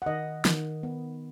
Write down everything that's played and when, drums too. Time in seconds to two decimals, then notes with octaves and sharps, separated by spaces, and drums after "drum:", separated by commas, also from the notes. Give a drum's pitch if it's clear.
0.02 F#5
0.06 D#3 D#5
0.45 D#3, drum: snare
0.83 B3